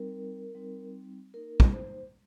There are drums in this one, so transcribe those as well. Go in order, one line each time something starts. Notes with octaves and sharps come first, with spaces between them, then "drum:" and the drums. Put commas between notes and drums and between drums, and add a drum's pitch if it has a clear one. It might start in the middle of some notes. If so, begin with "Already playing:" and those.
Already playing: G3 C4 D#4 A#4
G3 C4 D#4
A#3 D#4 A#4
drum: kick
C5